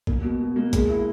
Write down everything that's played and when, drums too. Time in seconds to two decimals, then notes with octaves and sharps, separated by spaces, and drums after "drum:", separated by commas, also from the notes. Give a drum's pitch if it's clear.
0.07 A#3, drum: kick A1
0.23 B2
0.41 B2
0.56 A#3
0.73 G#3, drum: kick A1, hi-hat
0.89 E4